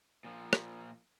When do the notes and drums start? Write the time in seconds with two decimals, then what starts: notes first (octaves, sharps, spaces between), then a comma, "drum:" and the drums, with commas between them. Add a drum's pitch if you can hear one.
0.24 A#2 F3
0.53 drum: rim click